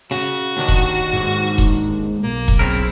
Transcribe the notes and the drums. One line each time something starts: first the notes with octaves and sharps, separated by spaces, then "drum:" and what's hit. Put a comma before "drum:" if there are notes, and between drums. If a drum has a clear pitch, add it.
C#3 F#4
D#2 D#3 D4
drum: kick E1
G#2
drum: kick E1
B1 A#3
drum: kick E1
C#3 C4 E4 A#4